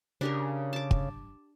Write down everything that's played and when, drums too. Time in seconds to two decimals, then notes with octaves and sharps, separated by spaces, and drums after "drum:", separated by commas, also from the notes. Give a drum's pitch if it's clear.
0.21 C#3 D4 G4 A#4
0.73 A5 D6
0.91 drum: kick